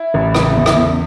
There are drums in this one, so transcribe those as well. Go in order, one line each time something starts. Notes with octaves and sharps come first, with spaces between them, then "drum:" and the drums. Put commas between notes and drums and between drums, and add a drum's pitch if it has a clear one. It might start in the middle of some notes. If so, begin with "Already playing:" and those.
Already playing: E4
A1
C#3, drum: rim click
E2
drum: rim click
E2